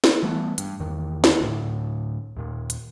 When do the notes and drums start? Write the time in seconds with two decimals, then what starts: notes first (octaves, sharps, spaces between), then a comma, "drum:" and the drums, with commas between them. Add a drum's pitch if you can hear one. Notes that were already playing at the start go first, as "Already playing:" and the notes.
0.04 drum: snare
0.23 E3 G3 A3 B3
0.58 G2, drum: hi-hat
0.80 E2 D#3
1.24 drum: snare
1.41 D2 A2
2.37 D#2 A#2
2.70 drum: hi-hat